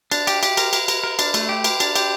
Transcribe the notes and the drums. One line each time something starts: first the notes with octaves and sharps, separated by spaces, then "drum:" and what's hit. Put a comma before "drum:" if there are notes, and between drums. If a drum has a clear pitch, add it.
D4, drum: cymbal
G4, drum: cymbal
G4, drum: cymbal
A#4, drum: cymbal
A#4, drum: cymbal
A#4, drum: cymbal
A#4
D4, drum: cymbal
A3, drum: cymbal
G4
A#4, drum: cymbal
D4, drum: cymbal
G4, drum: cymbal